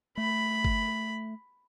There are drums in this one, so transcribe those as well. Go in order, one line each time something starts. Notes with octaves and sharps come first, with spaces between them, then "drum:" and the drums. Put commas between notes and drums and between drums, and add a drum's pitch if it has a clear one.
A3 B5
drum: kick